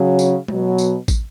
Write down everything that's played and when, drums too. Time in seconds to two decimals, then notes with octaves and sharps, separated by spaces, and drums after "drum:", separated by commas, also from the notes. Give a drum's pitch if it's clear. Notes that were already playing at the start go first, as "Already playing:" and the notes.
Already playing: C#3 F#3
0.19 C#4, drum: tambourine
0.48 B2 F#3, drum: tom G#3
0.78 drum: tambourine
1.08 drum: kick, tambourine